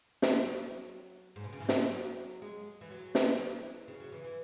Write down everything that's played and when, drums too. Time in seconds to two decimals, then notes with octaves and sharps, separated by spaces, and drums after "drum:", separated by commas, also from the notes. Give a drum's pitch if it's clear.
0.22 F#3, drum: snare
1.36 G#2
1.44 B2
1.53 C#3
1.60 E3
1.69 F#3, drum: snare
2.42 G#3
2.81 E3
2.91 F#3
3.15 E3, drum: snare
3.88 C#3
4.00 F#3
4.12 E3
4.24 E3